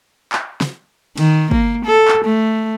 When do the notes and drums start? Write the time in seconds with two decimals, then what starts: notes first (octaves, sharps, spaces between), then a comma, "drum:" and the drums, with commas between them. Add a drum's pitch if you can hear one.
0.32 drum: clap
0.61 drum: snare
1.18 D#3, drum: cymbal
1.51 A#3, drum: kick
1.85 A4
2.08 drum: clap
2.25 A3